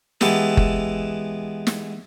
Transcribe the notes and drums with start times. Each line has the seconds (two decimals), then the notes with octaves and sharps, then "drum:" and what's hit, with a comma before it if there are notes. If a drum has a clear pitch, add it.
0.21 E3 G#3 B3 G4 A4, drum: snare
0.57 drum: kick F#1
1.67 drum: snare